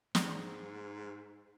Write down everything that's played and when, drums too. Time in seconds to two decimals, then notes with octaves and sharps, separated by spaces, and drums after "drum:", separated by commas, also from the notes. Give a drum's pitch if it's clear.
0.15 G#2, drum: snare